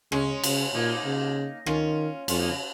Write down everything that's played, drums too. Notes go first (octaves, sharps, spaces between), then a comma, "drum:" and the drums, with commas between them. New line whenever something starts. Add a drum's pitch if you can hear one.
C#3 G#3 C#4, drum: rim click
C#3, drum: cymbal
A#2 A#3 D#4
C#3
D#3 C#4 F4, drum: rim click
F2 C#4 F4, drum: cymbal
A#3 D#4
C#3